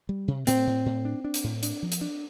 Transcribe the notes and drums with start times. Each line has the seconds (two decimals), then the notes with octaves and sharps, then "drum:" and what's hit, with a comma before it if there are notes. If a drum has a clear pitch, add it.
0.09 G3
0.28 C3
0.47 A2 C4, drum: hi-hat
0.67 A2
0.86 A2
1.05 D4
1.24 D4
1.34 drum: hi-hat
1.44 A2
1.63 D4, drum: hi-hat
1.82 F3
1.92 drum: hi-hat
2.01 D4